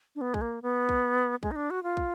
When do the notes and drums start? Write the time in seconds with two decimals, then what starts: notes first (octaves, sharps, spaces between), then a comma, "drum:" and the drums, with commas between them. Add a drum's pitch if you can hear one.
0.15 D4
0.21 B3
0.34 G#3, drum: kick
0.41 A#3
0.62 B3
0.89 drum: kick
1.43 G#3, drum: kick
1.51 D#4
1.56 D4
1.70 F#4
1.83 F4
1.97 drum: kick